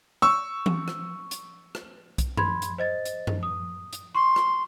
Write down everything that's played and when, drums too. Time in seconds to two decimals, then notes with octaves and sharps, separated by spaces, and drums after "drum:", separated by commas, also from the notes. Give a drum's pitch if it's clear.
0.22 C#6 E6
0.66 drum: tom E3
0.88 drum: rim click
1.31 drum: hi-hat
1.75 drum: rim click
2.18 drum: kick B1, hi-hat
2.37 B5 C6 G#6, drum: tom F#2
2.62 drum: hi-hat
2.78 C5 D#5 A6
3.06 drum: hi-hat
3.27 drum: tom F#2
3.43 D#6
3.93 drum: hi-hat
4.15 C6 C#6
4.36 drum: rim click